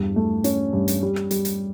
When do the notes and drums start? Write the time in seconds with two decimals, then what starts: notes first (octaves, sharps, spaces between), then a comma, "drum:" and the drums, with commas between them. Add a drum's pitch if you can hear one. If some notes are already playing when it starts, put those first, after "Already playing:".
Already playing: E2 G2 G3
0.16 A3
0.44 C#4, drum: hi-hat
0.73 G2
0.88 drum: hi-hat
1.03 G3
1.16 drum: rim click
1.31 G3, drum: hi-hat
1.45 drum: hi-hat